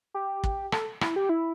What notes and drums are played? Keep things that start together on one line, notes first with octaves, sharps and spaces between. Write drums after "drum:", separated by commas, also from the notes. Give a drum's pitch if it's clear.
G4
drum: kick
A4, drum: rim click
E4, drum: rim click
G4
E4